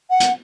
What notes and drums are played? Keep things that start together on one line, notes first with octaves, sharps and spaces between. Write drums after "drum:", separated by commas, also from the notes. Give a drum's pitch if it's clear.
F#5
drum: hi-hat